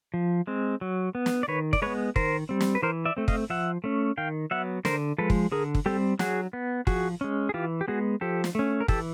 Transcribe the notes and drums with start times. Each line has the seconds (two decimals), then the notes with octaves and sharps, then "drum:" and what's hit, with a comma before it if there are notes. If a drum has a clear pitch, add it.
0.14 F3
0.47 G#3 C4
0.81 F#3
1.15 B3
1.26 drum: snare
1.43 D5
1.48 D#3 B4 C#5
1.73 D5, drum: kick
1.82 G#3 B3 B4 C#5
2.16 D#3 A#4 C5, drum: kick
2.49 G3 C4
2.61 drum: snare
2.75 B4
2.82 E3 A#4 C5
3.05 D5 E5
3.17 A3 C4
3.28 D#5 F5, drum: kick
3.50 F3 E5 F#5
3.84 A3 C#4
4.17 D#3 F5 G5
4.51 F#3 B3 E5 F#5
4.85 D3 A#4 C5, drum: snare
5.18 F3 G#3 A4 B4
5.30 drum: kick
5.52 D3 G#4 A#4
5.75 drum: kick
5.86 G3 C4 G4 A4
6.19 F#3 F#4 G#4, drum: snare
6.53 B3
6.87 F3 F#4 G#4, drum: kick
7.21 G#3 C#4
7.49 G#4
7.54 E3 F4 G4
7.81 G4
7.88 G#3 B3 F#4 G#4
8.21 F3 G4 A4
8.44 drum: snare
8.55 A3 C#4
8.80 A#4
8.88 E3 G4 A4, drum: kick